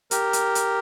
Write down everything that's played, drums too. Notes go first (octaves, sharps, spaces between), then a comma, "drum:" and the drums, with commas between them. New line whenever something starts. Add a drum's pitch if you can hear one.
G4 A#4, drum: hi-hat
drum: hi-hat
drum: hi-hat